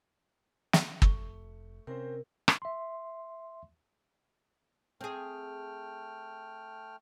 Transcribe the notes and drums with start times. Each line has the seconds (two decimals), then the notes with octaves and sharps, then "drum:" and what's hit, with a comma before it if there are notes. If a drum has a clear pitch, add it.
0.73 drum: snare
1.02 F1 A3 C#6 G7, drum: kick
1.87 C3 C4 C#4 A#4 C5
2.48 drum: rim click
2.62 E5 C6
5.01 A3 C4 G#4 G5 F6